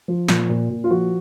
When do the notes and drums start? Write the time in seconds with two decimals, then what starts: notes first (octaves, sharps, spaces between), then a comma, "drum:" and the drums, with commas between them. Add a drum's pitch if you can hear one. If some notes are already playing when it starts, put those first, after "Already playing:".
0.08 F3
0.28 A#2, drum: snare
0.49 A#2
0.70 A#2
0.84 F4
0.90 F3 F#4